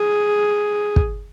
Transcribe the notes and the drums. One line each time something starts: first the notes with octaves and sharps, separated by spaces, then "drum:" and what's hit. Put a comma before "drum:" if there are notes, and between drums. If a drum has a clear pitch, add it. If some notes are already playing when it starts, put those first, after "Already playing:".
Already playing: G#4
drum: kick